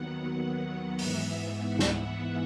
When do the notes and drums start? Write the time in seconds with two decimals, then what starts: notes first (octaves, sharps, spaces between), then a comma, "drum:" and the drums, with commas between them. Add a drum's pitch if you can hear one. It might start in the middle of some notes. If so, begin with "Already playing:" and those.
Already playing: D#2 D#3 F#3 B3 F#5
0.99 G#2 E3 B3 E5, drum: open hi-hat
1.63 F#5
1.79 drum: snare